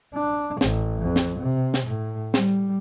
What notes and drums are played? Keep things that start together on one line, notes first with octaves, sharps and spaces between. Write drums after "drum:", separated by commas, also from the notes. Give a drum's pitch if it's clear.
D4
A1, drum: snare
F2
drum: snare
C3
drum: snare
A2
G3, drum: snare